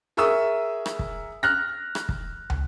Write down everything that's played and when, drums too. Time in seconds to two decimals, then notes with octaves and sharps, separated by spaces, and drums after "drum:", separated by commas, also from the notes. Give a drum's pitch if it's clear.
0.17 G#4 A#4 E5 C#6 D#6 E6
0.86 drum: rim click
0.99 drum: kick
1.43 F6 F#6 A#6
1.95 drum: rim click
2.09 drum: kick
2.50 drum: tom